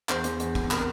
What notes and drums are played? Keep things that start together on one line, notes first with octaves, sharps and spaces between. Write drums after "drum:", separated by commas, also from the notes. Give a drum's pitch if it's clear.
E2 C5, drum: clap
E2, drum: hi-hat
E2, drum: hi-hat
E2, drum: kick A1
C3 A#4, drum: clap